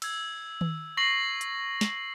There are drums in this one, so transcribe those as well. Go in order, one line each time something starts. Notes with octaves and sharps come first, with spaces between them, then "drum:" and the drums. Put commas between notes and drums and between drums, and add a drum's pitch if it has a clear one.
E6 G#6, drum: cymbal
drum: tom D#3
C#6 A#6 C7 F#7
drum: hi-hat
drum: snare